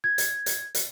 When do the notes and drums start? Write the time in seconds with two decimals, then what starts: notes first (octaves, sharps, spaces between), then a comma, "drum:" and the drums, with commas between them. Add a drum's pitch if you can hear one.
0.04 G#6
0.18 drum: hi-hat
0.46 drum: hi-hat
0.75 drum: hi-hat